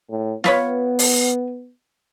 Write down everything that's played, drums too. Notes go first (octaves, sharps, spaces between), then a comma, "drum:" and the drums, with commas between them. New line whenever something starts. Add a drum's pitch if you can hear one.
A2
B3 F4 B4 C#5, drum: snare
drum: open hi-hat